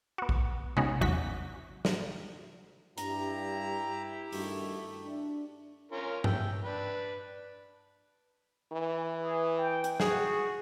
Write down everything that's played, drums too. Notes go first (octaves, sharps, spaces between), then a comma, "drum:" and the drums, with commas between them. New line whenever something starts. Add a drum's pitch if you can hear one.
B3 F#4
drum: kick A#1
G#3 B3 C#4 D#4 F#4, drum: tom C3
A1 E2 F#3 F#4 C#6 B6
drum: snare
G2 E4 G4 A#5, drum: hi-hat
G2 D#3 A3 F#4, drum: open hi-hat
D4
C#4 F4 A#4
E5 G5, drum: tom G2
D4 B4
E3
G#4
G5
drum: hi-hat
F#4 G#4, drum: snare